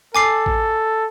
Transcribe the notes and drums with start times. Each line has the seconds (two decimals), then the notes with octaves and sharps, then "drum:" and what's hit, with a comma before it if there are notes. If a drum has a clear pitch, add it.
0.15 A4 G#5 D6 C7
0.46 drum: kick A1